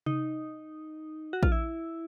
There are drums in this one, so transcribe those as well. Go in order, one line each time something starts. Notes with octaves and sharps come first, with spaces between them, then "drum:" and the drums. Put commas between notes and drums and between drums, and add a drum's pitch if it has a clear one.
D#4, drum: tom C3
F#4
F4, drum: kick A#1
E4